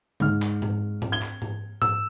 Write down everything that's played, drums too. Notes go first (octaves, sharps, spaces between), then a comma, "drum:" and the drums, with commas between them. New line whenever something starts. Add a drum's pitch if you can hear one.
G#2 F6, drum: tom C#3
drum: clap
drum: tom G#2
drum: tom G#2
G#6 G7
drum: clap
drum: tom G#2
E6, drum: tom G#2